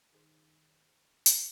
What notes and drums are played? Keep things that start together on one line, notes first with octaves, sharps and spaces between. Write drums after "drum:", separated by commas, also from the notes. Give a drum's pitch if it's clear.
D#3 G#4 C5
drum: hi-hat